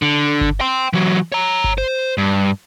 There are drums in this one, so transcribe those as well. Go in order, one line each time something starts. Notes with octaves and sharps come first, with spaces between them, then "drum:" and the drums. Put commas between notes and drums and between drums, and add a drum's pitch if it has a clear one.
D3
drum: kick G1
G5 C6
E3 F#3
C#5 A#5
drum: kick G1
C5
G2